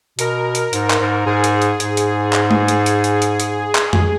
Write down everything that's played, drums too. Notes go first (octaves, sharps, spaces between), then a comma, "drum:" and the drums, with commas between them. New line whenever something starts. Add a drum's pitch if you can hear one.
B2 A#4, drum: hi-hat
drum: hi-hat
G#2, drum: hi-hat
drum: clap
G#2
G#2 G#4
drum: hi-hat
drum: hi-hat
G#2, drum: hi-hat
drum: hi-hat
drum: clap
drum: tom
drum: hi-hat
drum: hi-hat
drum: hi-hat
drum: hi-hat
drum: hi-hat
drum: clap
drum: tom F2